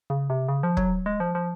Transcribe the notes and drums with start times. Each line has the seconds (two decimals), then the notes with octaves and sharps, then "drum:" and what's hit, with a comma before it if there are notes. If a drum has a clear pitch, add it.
0.10 C#3
0.30 C3
0.48 C#3
0.63 F3
0.77 F#3, drum: kick
1.06 G#3
1.20 F3
1.35 F3